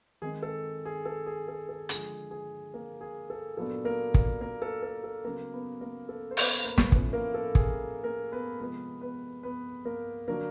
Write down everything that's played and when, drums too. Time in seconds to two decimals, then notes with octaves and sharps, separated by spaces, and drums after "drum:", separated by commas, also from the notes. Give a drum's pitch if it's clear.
0.22 D#3 G#3 C4 G#4
0.43 A4
0.85 G#4
1.05 A4
1.26 G#4
1.48 A4
1.69 A4
1.89 D3 F3 G#3 G#4, drum: hi-hat
2.31 G#4
2.73 A#3 A#4
3.01 G#4
3.30 A4
3.57 A#2 F#3 B3 D4 A4
3.85 A#3 A#4
4.14 drum: kick
4.41 A#3 A#4
4.62 A4
4.83 A4
5.04 A4
5.24 C#3 F#3 A#3 B3 A#4
5.53 B3 B4
5.81 A#3 A#4
6.09 A4
6.31 C5
6.37 B3 B4, drum: open hi-hat
6.65 A#3 A#4
6.78 drum: snare
6.92 A2 F3 A3 B3 C#4 B4, drum: kick
7.13 A#3 A#4
7.34 A4
7.55 G#4, drum: kick
8.04 A#3 A#4
8.32 B3 B4
8.60 C3 F3 G#3 B3 C4 B4
9.01 B3 B4
9.43 B3 B4
9.85 A#3 A#4
10.28 D3 F#3 A#3 D4 A#4